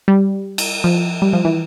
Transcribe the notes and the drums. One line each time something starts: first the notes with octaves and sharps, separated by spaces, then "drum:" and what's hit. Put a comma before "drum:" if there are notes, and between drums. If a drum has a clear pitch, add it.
G3
drum: cymbal
F3
G3
F3
E3